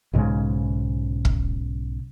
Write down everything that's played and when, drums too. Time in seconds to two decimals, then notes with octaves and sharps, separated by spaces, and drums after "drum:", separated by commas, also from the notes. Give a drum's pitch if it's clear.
0.13 B1 G#2 C#3 G#3
1.25 drum: kick